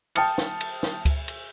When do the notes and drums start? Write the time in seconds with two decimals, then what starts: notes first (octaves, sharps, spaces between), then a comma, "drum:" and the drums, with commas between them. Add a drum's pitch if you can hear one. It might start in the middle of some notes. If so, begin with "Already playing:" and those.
0.16 G5 A5 D#6 F6 C#7, drum: cymbal
0.38 drum: snare
0.60 drum: cymbal
0.83 drum: snare
1.05 drum: kick C#2, cymbal
1.28 drum: cymbal